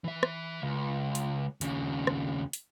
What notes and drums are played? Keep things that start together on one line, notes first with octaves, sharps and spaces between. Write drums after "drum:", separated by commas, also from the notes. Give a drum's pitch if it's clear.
E3 E5
drum: rim click
C#2
drum: hi-hat
D#2 C#3, drum: hi-hat
drum: rim click
drum: hi-hat